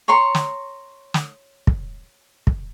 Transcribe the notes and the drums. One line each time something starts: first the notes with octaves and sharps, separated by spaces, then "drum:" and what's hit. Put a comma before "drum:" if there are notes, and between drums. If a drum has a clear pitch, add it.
C#5 A#5 C6 C#6
drum: snare
drum: snare
drum: kick
drum: kick